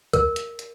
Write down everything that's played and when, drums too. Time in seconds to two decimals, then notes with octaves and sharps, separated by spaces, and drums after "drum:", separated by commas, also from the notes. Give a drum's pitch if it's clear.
0.13 A#4, drum: kick, hi-hat
0.36 drum: hi-hat
0.59 drum: hi-hat